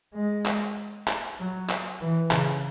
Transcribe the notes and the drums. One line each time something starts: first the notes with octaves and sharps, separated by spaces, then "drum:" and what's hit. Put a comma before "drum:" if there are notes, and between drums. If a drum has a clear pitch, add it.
G#3
drum: clap
drum: clap
F#3
drum: clap
E3
C#3, drum: clap